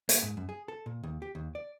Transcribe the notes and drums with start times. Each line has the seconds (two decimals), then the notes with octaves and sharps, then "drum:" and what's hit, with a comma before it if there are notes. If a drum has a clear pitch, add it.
0.09 A#3, drum: hi-hat
0.23 G#2
0.37 F#2
0.49 G#4
0.68 A4
0.86 A#2
1.03 D#2
1.22 G4
1.35 D#2
1.55 D5